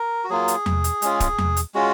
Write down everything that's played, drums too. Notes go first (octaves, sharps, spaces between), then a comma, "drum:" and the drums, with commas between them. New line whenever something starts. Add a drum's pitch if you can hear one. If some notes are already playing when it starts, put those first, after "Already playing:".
Already playing: A#4
F#4
F#3 A#3 F4 G#4
drum: hi-hat
drum: tom E2
drum: hi-hat
G#3 C#4 F4, drum: hi-hat
drum: kick, hi-hat
drum: tom E2
drum: hi-hat
G#3 C#4 F4 F#4